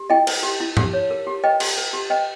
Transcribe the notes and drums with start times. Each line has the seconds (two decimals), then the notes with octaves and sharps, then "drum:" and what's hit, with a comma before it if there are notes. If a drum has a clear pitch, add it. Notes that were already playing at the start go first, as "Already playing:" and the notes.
Already playing: G4
0.10 E4 D#5 G5
0.27 B4, drum: cymbal
0.43 G4
0.60 E4
0.77 G4, drum: tom G#2
0.93 C#5
1.10 A#4
1.27 G4
1.43 B4 D#5 G5
1.60 G4, drum: cymbal
1.78 B4
1.93 G4
2.10 B4 D#5 G5